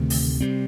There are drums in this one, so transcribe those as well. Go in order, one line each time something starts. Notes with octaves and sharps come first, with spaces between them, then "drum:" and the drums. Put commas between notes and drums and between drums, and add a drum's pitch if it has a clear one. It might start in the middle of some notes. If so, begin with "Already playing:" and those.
Already playing: D2 C3 D#3 A3
drum: open hi-hat
C3 G3 C4